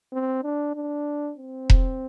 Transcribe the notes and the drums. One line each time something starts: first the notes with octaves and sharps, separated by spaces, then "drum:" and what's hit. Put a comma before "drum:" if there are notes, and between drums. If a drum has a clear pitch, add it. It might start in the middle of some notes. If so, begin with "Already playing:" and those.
C4
D4
D4
C4
drum: kick E1